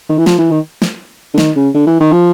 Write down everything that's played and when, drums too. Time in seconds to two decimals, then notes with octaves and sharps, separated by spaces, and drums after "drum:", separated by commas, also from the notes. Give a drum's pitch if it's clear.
0.09 D#3
0.18 E3
0.26 F3, drum: snare
0.38 E3
0.51 D#3
0.82 drum: snare
1.34 D3
1.38 D#3, drum: snare
1.56 C#3
1.74 D3
1.87 E3
2.00 D#3
2.12 F3